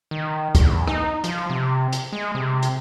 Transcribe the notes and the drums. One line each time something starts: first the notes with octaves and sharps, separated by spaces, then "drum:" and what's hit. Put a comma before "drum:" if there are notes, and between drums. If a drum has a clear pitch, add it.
D#3
E2, drum: kick, hi-hat
D#4, drum: rim click
F3, drum: hi-hat
C3
drum: hi-hat
G#3
C3
drum: hi-hat